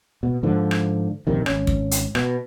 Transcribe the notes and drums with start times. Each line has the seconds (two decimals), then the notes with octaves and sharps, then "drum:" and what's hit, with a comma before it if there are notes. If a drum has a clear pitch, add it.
0.23 B2
0.43 G#2 D3 F3
0.71 drum: rim click
1.27 A#1 F#2 C3 D#3
1.46 G#1 C#4, drum: rim click
1.67 drum: kick
1.91 drum: hi-hat
2.15 B2, drum: rim click